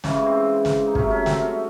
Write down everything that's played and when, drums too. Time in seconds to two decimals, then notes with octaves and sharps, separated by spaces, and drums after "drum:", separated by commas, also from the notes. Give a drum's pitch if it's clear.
0.04 C#3 E3 G#3 C#4, drum: snare
0.26 C4
0.65 drum: snare
0.87 D#4
0.95 C3 F#3 A3 C#4, drum: kick
1.11 C#4
1.26 C4, drum: snare
1.36 C4
1.41 C#4